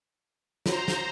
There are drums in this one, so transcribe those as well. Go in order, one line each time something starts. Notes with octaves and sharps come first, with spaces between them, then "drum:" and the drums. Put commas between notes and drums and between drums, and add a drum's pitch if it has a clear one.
F4 F#4 C5 C#5 A#5, drum: snare
drum: snare